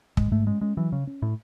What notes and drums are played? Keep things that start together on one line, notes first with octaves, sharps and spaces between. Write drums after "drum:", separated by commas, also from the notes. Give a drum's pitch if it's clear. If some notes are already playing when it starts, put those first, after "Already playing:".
G#2 G#3, drum: kick
G#2 A3
G#3 C#4
G#3 C#4
E3 F#3
C#3 C#4
C#4
A2